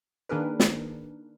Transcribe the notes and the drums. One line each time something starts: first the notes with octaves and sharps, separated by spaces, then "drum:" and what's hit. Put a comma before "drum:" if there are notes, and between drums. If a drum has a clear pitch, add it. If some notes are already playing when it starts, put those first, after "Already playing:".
D#3 A#3 D4 G#4 A#4 B4
drum: snare